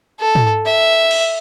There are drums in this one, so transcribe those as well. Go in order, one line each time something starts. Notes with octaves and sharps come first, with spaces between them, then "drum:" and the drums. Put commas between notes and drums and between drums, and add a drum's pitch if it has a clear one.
A4
drum: tom
E5
drum: cymbal